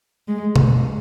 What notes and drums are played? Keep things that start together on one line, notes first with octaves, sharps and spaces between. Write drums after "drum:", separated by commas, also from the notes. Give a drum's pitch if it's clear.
G#3
drum: tom